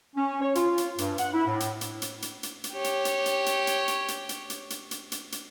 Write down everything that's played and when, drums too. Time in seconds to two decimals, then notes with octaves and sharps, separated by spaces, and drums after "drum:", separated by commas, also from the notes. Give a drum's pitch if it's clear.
0.15 C#4
0.40 C#5
0.55 F4, drum: hi-hat
0.78 drum: hi-hat
0.98 G2, drum: hi-hat
1.18 F#5, drum: hi-hat
1.33 E4
1.47 A2
1.60 drum: hi-hat
1.81 drum: hi-hat
2.02 drum: hi-hat
2.22 drum: hi-hat
2.43 drum: hi-hat
2.64 drum: hi-hat
2.73 G4 C#5
2.84 drum: hi-hat
3.05 drum: hi-hat
3.26 drum: hi-hat
3.46 drum: hi-hat
3.67 drum: hi-hat
3.88 drum: hi-hat
4.08 drum: hi-hat
4.29 drum: hi-hat
4.50 drum: hi-hat
4.70 drum: hi-hat
4.91 drum: hi-hat
5.12 drum: hi-hat
5.32 drum: hi-hat